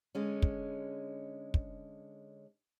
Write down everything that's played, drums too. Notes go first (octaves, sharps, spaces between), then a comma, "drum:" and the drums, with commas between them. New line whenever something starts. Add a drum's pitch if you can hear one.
D3 G#3 C#4
drum: kick
drum: kick